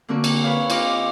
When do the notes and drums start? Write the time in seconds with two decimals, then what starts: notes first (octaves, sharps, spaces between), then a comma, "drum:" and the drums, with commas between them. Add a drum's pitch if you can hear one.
0.08 D3 A#3 C4 C#4 F#4
0.24 drum: cymbal
0.44 B4 C#5 F5
0.70 F4 C5 D#5 D6, drum: cymbal